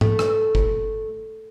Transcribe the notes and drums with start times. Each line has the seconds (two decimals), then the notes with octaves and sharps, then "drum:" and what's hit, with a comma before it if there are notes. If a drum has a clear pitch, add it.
0.01 A3, drum: tom G#2
0.19 drum: rim click
0.55 drum: kick G1